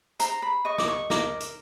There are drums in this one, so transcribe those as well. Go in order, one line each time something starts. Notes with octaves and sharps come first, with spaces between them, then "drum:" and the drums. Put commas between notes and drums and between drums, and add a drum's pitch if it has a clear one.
C5 A#5, drum: hi-hat
B5
D#5 C#6
D6, drum: snare
C#6
A#4 D6, drum: snare
drum: hi-hat